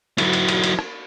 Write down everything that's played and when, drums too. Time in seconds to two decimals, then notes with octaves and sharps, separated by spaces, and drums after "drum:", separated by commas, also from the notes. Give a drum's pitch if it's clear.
0.18 F#3 E4, drum: cymbal
0.33 drum: cymbal
0.48 drum: cymbal
0.64 drum: cymbal
0.79 drum: rim click